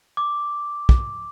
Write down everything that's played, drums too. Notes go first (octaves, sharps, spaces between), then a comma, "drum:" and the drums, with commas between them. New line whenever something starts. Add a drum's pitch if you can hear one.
D6
drum: kick